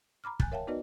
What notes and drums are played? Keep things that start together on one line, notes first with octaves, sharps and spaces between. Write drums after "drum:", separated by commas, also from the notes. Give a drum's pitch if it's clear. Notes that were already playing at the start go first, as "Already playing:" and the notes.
A#5 B5 D6 F6
G#5 F#6 G6 A6, drum: kick
A#4 C#5 E5 F5 G5 A5
B3 D#4 F#4 B4 D5 D#5